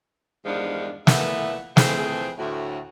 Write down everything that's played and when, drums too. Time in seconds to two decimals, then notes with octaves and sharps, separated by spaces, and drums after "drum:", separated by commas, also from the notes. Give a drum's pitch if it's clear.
0.45 E2 G2 D#3 F3 G#3 D4
1.07 A#2 E3 A3 B3 E5 F#5, drum: snare
1.77 F2 E3 A3 C4 G#4, drum: snare
2.38 D2 A2 F#4